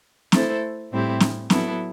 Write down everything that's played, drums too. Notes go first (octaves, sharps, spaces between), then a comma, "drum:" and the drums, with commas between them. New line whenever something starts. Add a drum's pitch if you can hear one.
A3 E4 A4 C5, drum: snare C4
A2 G3 C4 E4 G4
drum: snare C4
F#3 B3 E4 A4, drum: snare C4